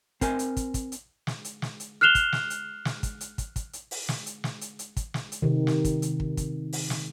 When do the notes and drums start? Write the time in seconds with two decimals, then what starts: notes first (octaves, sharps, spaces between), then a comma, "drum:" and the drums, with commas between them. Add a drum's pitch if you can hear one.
0.21 C4 A#4 G#5, drum: kick, hi-hat
0.39 drum: hi-hat
0.57 drum: kick, hi-hat
0.74 drum: kick, hi-hat
0.92 drum: hi-hat
1.27 drum: snare
1.45 drum: hi-hat
1.62 drum: snare
1.80 drum: hi-hat
2.01 F6 F#6 C7 E7 F7 G7
2.15 drum: kick, hi-hat
2.33 drum: snare
2.50 drum: hi-hat
2.85 drum: snare
3.03 drum: kick, hi-hat
3.21 drum: hi-hat
3.38 drum: kick, hi-hat
3.56 drum: kick, hi-hat
3.73 drum: hi-hat
3.91 drum: open hi-hat
4.09 drum: snare
4.26 drum: hi-hat
4.44 drum: snare
4.61 drum: hi-hat
4.79 drum: hi-hat
4.97 drum: kick, hi-hat
5.14 drum: snare
5.32 drum: hi-hat
5.42 C3 D#3
5.67 drum: snare
5.85 drum: kick, hi-hat
6.02 drum: hi-hat
6.20 drum: kick
6.37 drum: kick, hi-hat
6.73 drum: open hi-hat
6.90 drum: snare